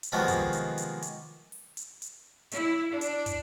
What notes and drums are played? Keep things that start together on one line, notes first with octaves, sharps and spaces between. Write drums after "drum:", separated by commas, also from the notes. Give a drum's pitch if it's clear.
drum: hi-hat
C3 D#3 F3 F#3 G#3 B3
drum: kick, hi-hat
drum: hi-hat
drum: hi-hat
drum: hi-hat
drum: open hi-hat
drum: hi-hat
drum: hi-hat
E4, drum: hi-hat
D4
drum: hi-hat
drum: kick, hi-hat